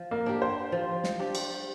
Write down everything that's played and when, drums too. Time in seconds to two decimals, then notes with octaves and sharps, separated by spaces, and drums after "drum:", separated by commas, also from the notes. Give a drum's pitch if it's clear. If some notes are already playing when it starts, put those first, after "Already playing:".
Already playing: F3
0.11 A#3
0.26 D4 G4
0.42 C5
0.72 F3
1.04 drum: snare
1.19 D4 G4
1.35 drum: cymbal